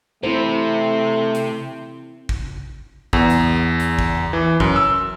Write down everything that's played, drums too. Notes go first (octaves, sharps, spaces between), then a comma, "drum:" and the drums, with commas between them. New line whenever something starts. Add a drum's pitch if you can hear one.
C3 A3 C4 E4 C5
drum: hi-hat
drum: kick
E2, drum: kick
drum: hi-hat
drum: hi-hat
drum: kick
E3
F#2, drum: kick
E6